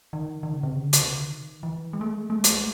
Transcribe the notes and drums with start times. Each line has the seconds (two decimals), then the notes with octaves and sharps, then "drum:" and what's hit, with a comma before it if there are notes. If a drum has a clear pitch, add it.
0.13 D#3
0.43 D#3
0.53 C#3
0.63 C3
0.73 C#3
0.83 D3
0.93 C#3, drum: hi-hat
1.03 C3
1.13 D3
1.23 D#3
1.63 E3
1.93 G#3
2.01 A3
2.08 G#3
2.15 A3
2.22 G#3
2.30 A3
2.37 G#3
2.44 A3, drum: hi-hat
2.51 G#3
2.58 A3